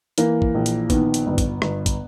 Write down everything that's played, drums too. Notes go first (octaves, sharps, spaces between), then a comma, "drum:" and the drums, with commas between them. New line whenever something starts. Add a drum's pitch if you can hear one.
E3 A#3, drum: hi-hat
drum: kick
A#1
drum: hi-hat
D#3 B3, drum: kick, hi-hat
drum: hi-hat
G1
drum: kick, hi-hat
G1, drum: rim click
drum: kick, hi-hat